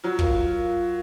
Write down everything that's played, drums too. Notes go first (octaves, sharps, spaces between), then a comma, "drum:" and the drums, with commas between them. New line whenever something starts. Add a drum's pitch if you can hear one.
F#3 F4
A#4 F5, drum: kick
F4